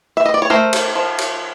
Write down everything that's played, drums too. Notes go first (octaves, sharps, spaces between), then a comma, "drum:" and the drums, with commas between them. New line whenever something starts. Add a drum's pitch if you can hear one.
E5
D#5
D5
C#5
A3 A#4 C5
drum: cymbal
F3
drum: cymbal